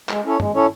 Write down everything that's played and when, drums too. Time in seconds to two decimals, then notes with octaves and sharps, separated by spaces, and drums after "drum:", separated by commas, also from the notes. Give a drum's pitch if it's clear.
0.09 G#3, drum: clap
0.24 C#4 E4 A4 C#5
0.40 G#3, drum: tom
0.54 C#4 E4 A4 C#5